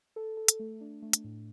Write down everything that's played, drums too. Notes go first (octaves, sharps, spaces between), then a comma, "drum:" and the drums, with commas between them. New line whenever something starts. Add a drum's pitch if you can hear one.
A4
A4
drum: hi-hat
A3
D4
A3
drum: hi-hat
A2